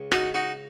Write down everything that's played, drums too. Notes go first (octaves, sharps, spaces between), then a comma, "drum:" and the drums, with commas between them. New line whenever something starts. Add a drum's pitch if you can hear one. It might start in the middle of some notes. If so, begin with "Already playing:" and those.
Already playing: C#2 C#3
D#4 F#4, drum: rim click
D#4 F#4